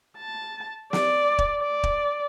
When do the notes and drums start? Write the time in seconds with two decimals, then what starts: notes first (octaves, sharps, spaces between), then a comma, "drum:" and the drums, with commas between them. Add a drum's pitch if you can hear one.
0.18 A5
0.93 D5, drum: snare
1.39 drum: kick
1.61 D5
1.84 drum: kick